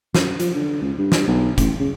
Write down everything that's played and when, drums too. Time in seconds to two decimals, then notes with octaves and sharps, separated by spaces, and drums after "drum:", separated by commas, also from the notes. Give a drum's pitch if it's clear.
0.15 F#2, drum: snare
0.40 F3, drum: hi-hat
0.54 D3
0.82 C#2
0.98 G2
1.12 drum: snare
1.27 B1
1.58 A1, drum: kick, hi-hat
1.80 C#3